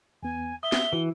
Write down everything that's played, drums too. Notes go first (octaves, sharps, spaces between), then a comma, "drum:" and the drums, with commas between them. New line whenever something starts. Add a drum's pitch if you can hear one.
E2 B3 G#5
E5 D#6 G7
drum: snare
E3 F#4